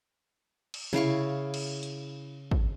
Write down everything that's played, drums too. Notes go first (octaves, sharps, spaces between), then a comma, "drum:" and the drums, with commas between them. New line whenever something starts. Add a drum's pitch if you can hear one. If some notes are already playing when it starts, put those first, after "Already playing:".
drum: cymbal
C#3 E4 F5 C#6, drum: tom C3
drum: cymbal
drum: hi-hat
drum: kick